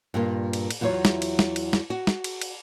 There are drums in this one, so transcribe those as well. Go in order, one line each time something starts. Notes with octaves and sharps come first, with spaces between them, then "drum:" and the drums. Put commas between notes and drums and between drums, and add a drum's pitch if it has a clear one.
G2 A#2 A#3
drum: cymbal
drum: cymbal
E2 F#3 E4 F4 C#5
drum: snare
drum: cymbal
drum: snare
drum: cymbal
drum: snare
F#4
drum: snare
drum: cymbal
drum: cymbal